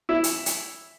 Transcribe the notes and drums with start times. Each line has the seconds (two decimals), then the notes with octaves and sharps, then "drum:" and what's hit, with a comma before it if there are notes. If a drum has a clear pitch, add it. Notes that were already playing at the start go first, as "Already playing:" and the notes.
0.09 E4
0.24 drum: hi-hat
0.46 drum: hi-hat